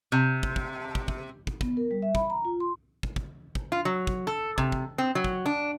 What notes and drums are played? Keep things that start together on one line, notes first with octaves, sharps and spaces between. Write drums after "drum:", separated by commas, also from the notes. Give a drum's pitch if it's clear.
C3
drum: kick
drum: kick
drum: kick
drum: kick
drum: kick
B3, drum: kick
A#4
G3
E5
B5, drum: kick
A#5
F4
C6
drum: kick
drum: kick
drum: kick
F4
F#3
drum: kick
A4
C3, drum: kick
drum: kick
C4
F#3
drum: kick
D4